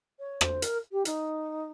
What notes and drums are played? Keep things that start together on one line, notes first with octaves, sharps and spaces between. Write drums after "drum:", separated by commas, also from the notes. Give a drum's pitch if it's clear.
C#5
C5, drum: rim click
A#4, drum: hi-hat
G4
D#4, drum: hi-hat